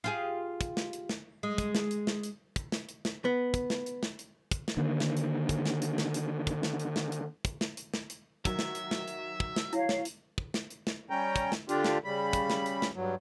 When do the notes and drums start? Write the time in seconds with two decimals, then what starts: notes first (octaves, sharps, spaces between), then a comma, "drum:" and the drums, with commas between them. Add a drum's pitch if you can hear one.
0.04 F4 G4 G#4
0.61 drum: kick, hi-hat
0.77 drum: snare
0.93 drum: hi-hat
1.09 drum: snare
1.43 G#3
1.58 drum: kick, hi-hat
1.75 drum: snare
1.91 drum: hi-hat
2.07 drum: snare
2.23 drum: hi-hat
2.56 drum: kick, hi-hat
2.72 drum: snare
2.89 drum: hi-hat
3.05 drum: snare
3.25 B3
3.54 drum: kick, hi-hat
3.70 drum: snare
3.86 drum: hi-hat
4.03 drum: snare
4.19 drum: hi-hat
4.52 drum: kick, hi-hat
4.68 drum: snare
4.77 D3 D#3 A#3
5.00 drum: snare
5.17 drum: hi-hat
5.49 drum: kick, hi-hat
5.66 drum: snare
5.82 drum: hi-hat
5.98 drum: snare
6.14 drum: hi-hat
6.47 drum: kick, hi-hat
6.63 drum: snare
6.80 drum: hi-hat
6.96 drum: snare
7.12 drum: hi-hat
7.45 drum: kick, hi-hat
7.61 drum: snare
7.77 drum: hi-hat
7.94 drum: snare
8.10 drum: hi-hat
8.45 D#3 F#3 E5, drum: kick, hi-hat
8.59 drum: snare
8.75 drum: hi-hat
8.91 drum: snare
9.08 drum: hi-hat
9.40 drum: kick
9.56 drum: snare
9.73 E4 C#5 F5, drum: hi-hat
9.89 drum: snare
10.05 drum: hi-hat
10.38 drum: kick
10.54 drum: snare
10.70 drum: hi-hat
10.87 drum: snare
11.10 G3 C#4 G5 A#5
11.36 drum: kick, hi-hat
11.52 drum: snare
11.69 D3 D4 F4 G4, drum: hi-hat
11.84 drum: snare
12.04 C#3 G3 B5
12.33 drum: kick, hi-hat
12.50 drum: snare
12.66 drum: hi-hat
12.82 drum: snare
12.95 G2 F#3